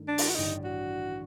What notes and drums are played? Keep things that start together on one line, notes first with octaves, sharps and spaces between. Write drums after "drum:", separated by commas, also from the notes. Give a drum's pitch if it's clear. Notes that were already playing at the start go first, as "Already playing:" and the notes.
Already playing: G2 D#3 A3
D4
drum: open hi-hat
F#4
A1 G2 D3 G3 D#4
F#4